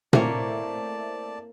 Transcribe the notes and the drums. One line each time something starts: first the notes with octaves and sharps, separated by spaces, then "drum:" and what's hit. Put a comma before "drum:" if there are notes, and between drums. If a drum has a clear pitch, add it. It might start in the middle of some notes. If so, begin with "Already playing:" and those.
A3 A#3 C4 E4 C#5 D5 A5, drum: tom A#2